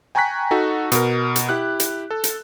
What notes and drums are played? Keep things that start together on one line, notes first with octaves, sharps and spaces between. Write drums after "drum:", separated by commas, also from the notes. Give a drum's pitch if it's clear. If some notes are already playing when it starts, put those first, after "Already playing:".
G5 G#5 A#5 C#6 F#6 B6
D#4 F#4 A4
B2 A#4, drum: hi-hat
drum: hi-hat
E4 G4 F#6
drum: hi-hat
A4
drum: hi-hat